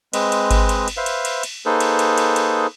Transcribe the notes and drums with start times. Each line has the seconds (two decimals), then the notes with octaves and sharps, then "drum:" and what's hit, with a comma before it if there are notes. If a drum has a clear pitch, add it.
0.13 G#3 C4 B4 D#5, drum: cymbal
0.32 drum: cymbal
0.51 drum: kick G#1, cymbal
0.69 drum: cymbal
0.88 drum: cymbal
0.97 B4 C5 E5 F5
1.06 drum: cymbal
1.25 drum: cymbal
1.43 drum: cymbal
1.66 A#3 D#4 G#4 A4 B4 C5
1.80 drum: cymbal
1.99 drum: cymbal
2.18 drum: cymbal
2.36 drum: cymbal